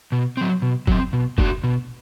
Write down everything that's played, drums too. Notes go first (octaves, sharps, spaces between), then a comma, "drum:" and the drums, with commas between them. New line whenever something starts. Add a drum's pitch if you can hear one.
B2
F#3 C4
B2
F#3 C4, drum: kick
B2
A3 D4 F#4, drum: kick
B2